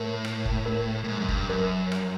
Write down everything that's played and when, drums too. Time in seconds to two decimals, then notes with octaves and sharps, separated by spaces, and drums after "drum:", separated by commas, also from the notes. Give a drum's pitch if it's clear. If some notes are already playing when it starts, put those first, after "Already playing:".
Already playing: A2 A#4
0.25 drum: rim click
0.45 drum: kick
0.66 A#4
1.04 A2
1.08 G#2
1.20 F#2
1.28 G2, drum: kick
1.49 F#2 A#4
1.92 drum: rim click